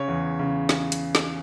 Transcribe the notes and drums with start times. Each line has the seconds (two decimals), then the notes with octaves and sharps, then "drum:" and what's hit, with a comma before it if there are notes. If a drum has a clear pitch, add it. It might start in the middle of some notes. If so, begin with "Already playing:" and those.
Already playing: C#3 C#5
0.08 E2
0.39 C#3
0.69 drum: snare
0.92 drum: hi-hat
1.15 drum: snare